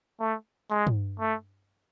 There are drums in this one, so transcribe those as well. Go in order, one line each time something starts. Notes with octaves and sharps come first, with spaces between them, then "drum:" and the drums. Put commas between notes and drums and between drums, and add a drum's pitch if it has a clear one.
A3
G#3
drum: tom
A3